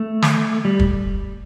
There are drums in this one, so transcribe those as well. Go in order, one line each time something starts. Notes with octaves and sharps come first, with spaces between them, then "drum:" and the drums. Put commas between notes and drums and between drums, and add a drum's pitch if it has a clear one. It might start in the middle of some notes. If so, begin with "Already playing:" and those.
Already playing: A3
drum: snare
G3
drum: kick